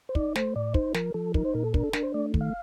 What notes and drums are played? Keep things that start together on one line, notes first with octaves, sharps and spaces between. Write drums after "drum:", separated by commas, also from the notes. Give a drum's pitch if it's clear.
C5
D#4 D5, drum: kick
A3 C5, drum: snare
A2 D5
D#4 C5, drum: kick
F3 A#4, drum: snare
F3 A4
D#4 A#4, drum: kick
C5
A#2 A#4
A4
D4 A#4, drum: kick
A4
D4 A#4, drum: snare
C5
A3 D5
D#3, drum: kick
F5